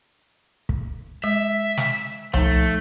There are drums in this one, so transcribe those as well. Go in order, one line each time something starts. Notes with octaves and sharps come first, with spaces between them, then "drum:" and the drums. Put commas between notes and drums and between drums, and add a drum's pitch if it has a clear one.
drum: kick
G#3 E5
drum: snare
F3 A3 D#4, drum: tom C2